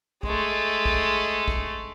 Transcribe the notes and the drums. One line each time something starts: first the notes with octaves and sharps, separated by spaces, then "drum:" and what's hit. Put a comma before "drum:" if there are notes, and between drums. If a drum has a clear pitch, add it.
G#3 A3, drum: kick
drum: kick
drum: kick